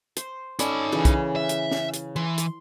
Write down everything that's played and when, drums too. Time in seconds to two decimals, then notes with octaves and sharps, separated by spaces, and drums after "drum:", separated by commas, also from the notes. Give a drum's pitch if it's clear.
0.17 C5, drum: hi-hat
0.59 C#4 D#4 A4 D5 B5, drum: hi-hat
0.92 C#3 E3
1.05 drum: kick, hi-hat
1.36 E5
1.49 drum: hi-hat
1.71 drum: snare
1.94 drum: hi-hat
2.16 E3 C6
2.38 drum: hi-hat